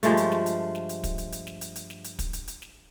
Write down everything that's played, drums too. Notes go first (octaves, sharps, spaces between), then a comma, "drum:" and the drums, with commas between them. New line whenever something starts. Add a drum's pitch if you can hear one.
G2 F3 G#3 A3, drum: hi-hat
drum: hi-hat
drum: snare
drum: hi-hat
drum: snare
drum: hi-hat
drum: kick, hi-hat
drum: hi-hat
drum: hi-hat
drum: snare
drum: hi-hat
drum: hi-hat
drum: snare
drum: hi-hat
drum: kick, hi-hat
drum: hi-hat
drum: hi-hat
drum: snare